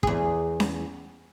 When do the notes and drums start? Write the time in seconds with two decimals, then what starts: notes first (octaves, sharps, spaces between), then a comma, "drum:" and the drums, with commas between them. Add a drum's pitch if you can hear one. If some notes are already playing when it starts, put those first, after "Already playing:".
0.03 E2 G#4, drum: kick
0.60 drum: snare C#4